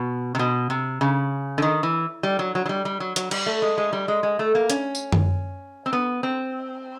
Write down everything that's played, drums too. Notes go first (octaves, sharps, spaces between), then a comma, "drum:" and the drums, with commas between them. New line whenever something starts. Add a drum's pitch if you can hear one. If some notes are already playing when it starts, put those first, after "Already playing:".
Already playing: B2
C3
B2
C3
C#3
D3
D#3
E3
G3
F#3
F#3
F#3
G3
G3
F#3
F#3, drum: hi-hat
G3, drum: cymbal
A3
G#3
G#3
G3
G#3
G#3
A3
A#3
C#4, drum: hi-hat
drum: tambourine
drum: tom F#2
C4
B3
C4